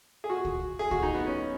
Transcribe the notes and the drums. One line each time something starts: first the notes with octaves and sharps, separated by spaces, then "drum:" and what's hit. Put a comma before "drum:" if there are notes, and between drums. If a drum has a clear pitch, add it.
G#4
F#4
drum: kick
G#4
F#4, drum: kick
D#4
B3
C#4